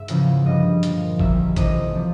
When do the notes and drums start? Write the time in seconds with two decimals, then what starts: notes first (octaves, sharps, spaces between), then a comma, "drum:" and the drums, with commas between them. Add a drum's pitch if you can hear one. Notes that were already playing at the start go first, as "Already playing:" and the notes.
Already playing: G#2 E5
0.08 E2 C#3 F3, drum: hi-hat
0.45 G2 D3 G3 D#5
0.83 A#2 F3, drum: hi-hat
1.19 F#2 D#3 G3 E5, drum: kick A1
1.56 F2 C3 E3 D#5, drum: kick A1, hi-hat
1.95 C3 F3